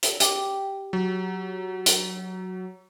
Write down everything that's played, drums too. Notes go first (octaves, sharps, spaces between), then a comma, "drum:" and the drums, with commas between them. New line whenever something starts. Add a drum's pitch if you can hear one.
drum: hi-hat
G4, drum: hi-hat
F#3
drum: hi-hat